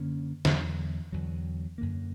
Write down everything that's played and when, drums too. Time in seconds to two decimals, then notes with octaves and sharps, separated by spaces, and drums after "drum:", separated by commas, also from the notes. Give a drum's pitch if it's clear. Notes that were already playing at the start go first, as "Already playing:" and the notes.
Already playing: F#2 D3 A#3 C#4
0.45 E2 D3 F#3, drum: snare
1.12 E2 D3 F#3
1.78 F#2 D3 A#3